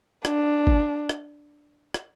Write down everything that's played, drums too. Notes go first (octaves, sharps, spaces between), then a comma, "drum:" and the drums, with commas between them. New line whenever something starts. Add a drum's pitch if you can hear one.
D4, drum: rim click
drum: kick
drum: rim click
drum: rim click